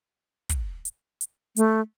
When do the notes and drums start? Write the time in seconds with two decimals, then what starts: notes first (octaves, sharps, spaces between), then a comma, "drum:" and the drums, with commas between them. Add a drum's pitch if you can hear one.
0.49 drum: kick, hi-hat
0.85 drum: hi-hat
1.21 drum: hi-hat
1.57 A3, drum: hi-hat